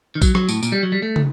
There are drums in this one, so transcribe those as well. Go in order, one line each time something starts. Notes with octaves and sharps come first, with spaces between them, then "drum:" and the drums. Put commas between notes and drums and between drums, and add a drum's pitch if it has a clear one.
D#3
F#3, drum: kick A#1, tambourine
F#3, drum: rim click
A2, drum: tambourine
A#2, drum: tambourine
G3
F#3
G3
A3
drum: tom